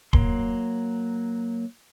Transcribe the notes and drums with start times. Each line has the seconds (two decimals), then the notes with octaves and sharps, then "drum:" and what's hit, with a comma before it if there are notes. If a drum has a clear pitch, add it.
0.13 F#3 A#3 C6, drum: kick